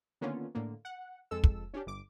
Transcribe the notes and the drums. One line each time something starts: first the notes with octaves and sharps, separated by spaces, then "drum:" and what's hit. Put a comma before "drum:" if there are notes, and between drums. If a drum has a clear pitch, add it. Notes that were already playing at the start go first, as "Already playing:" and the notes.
D3 D#3 A#3 B3 C#4 F4
A2 D3 A#3
F#5
F2 G#3 A4 E6
drum: kick
C#4 D4 G4
G1 D6